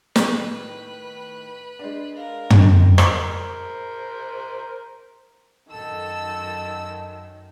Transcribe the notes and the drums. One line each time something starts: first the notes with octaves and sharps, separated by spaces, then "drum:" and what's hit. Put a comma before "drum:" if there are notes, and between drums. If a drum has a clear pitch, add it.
A2 D#3 B4, drum: snare
G#3 D4
A#4 F5
G#2 D#4 G5, drum: tom
A#4 C5, drum: rim click
F#2 D#3 A4 A5 E6